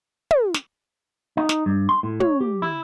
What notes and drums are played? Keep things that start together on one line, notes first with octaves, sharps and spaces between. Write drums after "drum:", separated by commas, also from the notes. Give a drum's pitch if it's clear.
drum: tom
drum: snare
D#4
drum: snare
G2
C6
A2
C#5, drum: tom
G4
E4